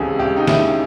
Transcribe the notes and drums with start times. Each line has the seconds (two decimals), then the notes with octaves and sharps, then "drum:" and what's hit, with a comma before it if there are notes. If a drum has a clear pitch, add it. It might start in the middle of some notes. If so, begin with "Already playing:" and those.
Already playing: C#2 C3 E3 G#4 A4
0.19 C#2 G4
0.37 D#4
0.47 C#2 E4, drum: snare